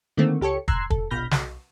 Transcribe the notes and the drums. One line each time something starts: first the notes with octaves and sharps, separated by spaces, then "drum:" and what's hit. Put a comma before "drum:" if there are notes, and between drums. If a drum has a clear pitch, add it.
D3 D#3 A3 A#3 C4
C#2 G4 A4 C#5 C#7
A#5 C6 E6 F#6 G#6 C7, drum: kick
A4, drum: kick
A#1 B2 B5 F6 G6 A#6
B1, drum: snare